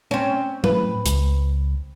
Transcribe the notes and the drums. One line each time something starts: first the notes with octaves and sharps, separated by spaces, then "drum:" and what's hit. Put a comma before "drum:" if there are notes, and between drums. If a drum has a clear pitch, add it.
C4 C#4
A2 B4, drum: tom
C#2, drum: hi-hat